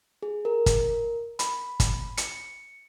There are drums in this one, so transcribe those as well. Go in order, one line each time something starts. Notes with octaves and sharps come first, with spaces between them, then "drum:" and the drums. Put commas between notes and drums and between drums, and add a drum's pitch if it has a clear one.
G#4
A#4
drum: kick, hi-hat
B5, drum: hi-hat
drum: kick, hi-hat
C#7, drum: hi-hat